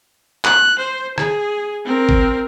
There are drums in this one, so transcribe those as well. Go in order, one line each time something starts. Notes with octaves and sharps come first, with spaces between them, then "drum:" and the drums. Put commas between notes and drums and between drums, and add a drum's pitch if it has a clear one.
F#6, drum: clap
C5
G#4, drum: rim click
C4 A#4
drum: kick